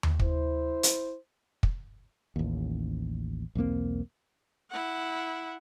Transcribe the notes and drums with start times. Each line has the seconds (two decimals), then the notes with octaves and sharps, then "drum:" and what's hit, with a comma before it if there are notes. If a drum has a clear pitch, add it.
0.03 drum: tom D#2
0.20 E4 C5, drum: kick
0.83 drum: hi-hat
1.63 drum: kick
2.36 A1 D#2
3.55 B1 E2 A#3 C4
4.71 E4 F#5